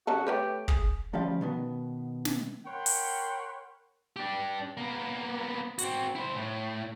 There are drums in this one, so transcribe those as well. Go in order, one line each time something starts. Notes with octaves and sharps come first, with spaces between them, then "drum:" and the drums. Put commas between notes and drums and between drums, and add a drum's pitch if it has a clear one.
C#3 G3 F#4 A4
A3 G4 B4 C#5
G#4, drum: kick
D2 F3 G3 C#4 F5
B2 D#3 B3
drum: snare
A#4 C#5 F#5 G5 B5 C6
drum: open hi-hat
D4 G4
A#3 B3
C4 F#4, drum: hi-hat
E4 C5
A2